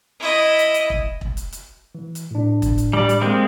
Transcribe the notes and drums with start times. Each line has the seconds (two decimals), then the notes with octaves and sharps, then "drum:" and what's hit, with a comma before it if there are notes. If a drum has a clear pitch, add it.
0.20 E4 D#5
0.59 drum: hi-hat
0.74 drum: hi-hat
0.90 drum: kick E1
1.21 drum: kick E1
1.37 drum: hi-hat
1.53 drum: hi-hat
1.95 E3
2.15 drum: hi-hat
2.31 A2 D4
2.62 drum: kick E1, hi-hat
2.78 drum: hi-hat
2.93 G3 D5
3.09 drum: hi-hat
3.22 G#3 A#3 C4